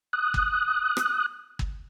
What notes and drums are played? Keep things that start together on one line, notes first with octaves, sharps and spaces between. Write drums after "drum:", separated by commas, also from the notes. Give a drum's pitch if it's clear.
D#6 F#6
drum: kick
drum: rim click
drum: kick